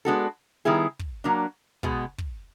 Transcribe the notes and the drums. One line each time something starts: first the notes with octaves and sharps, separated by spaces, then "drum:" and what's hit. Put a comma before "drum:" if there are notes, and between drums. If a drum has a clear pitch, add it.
G#3 B3 D4 F#4 A4
D#3 G3 B3 E4 G#4
drum: kick
F#3 A#3 D4
B2 G#3 B3, drum: kick
drum: kick